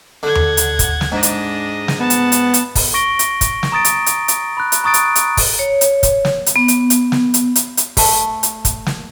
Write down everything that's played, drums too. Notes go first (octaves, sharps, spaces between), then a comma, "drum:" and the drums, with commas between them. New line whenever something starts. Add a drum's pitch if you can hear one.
D3 F#5 G#6
drum: tom D#2
drum: hi-hat
drum: kick, hi-hat
drum: snare
G#2 D4 D#5
drum: hi-hat
drum: snare
B3 A5
drum: hi-hat
drum: hi-hat
drum: hi-hat
drum: kick, open hi-hat
C#6 A#6 D7 G7
drum: hi-hat
drum: kick, hi-hat
drum: snare
A#5 D#6 A6 D7
drum: hi-hat
drum: hi-hat
drum: hi-hat
B5 F#6
drum: hi-hat
A#5 C#6 D#6 A6 D7
drum: hi-hat
drum: hi-hat
drum: kick, open hi-hat
C#5
drum: hi-hat
drum: kick, hi-hat
drum: snare
drum: hi-hat
B3
drum: hi-hat
drum: hi-hat
drum: snare
drum: hi-hat
drum: hi-hat
drum: hi-hat
A3, drum: kick, open hi-hat
drum: hi-hat
drum: kick, hi-hat
drum: snare